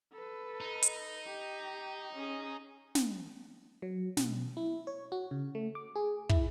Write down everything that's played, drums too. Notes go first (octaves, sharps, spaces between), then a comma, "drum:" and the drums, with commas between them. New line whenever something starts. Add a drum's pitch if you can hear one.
A4 B4
D#4
drum: hi-hat
G4
C#4 G#4
drum: snare
F#3
B2, drum: snare
E4
C#5
F#4
C#3
A3
D6
G#4
E4, drum: kick